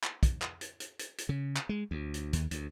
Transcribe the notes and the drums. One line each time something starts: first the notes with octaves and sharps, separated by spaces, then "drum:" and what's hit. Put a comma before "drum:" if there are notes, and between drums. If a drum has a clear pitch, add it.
drum: clap
drum: kick, hi-hat
drum: clap
drum: hi-hat
drum: hi-hat
drum: hi-hat
drum: hi-hat
C#3
drum: clap
G#3
D2
drum: hi-hat
D#2, drum: hi-hat
D2, drum: hi-hat